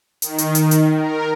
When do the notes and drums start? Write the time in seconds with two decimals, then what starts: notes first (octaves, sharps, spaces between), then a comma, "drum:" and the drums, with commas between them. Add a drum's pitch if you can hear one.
0.22 D#3, drum: hi-hat
0.38 drum: hi-hat
0.55 drum: hi-hat
0.71 drum: hi-hat
0.94 A#4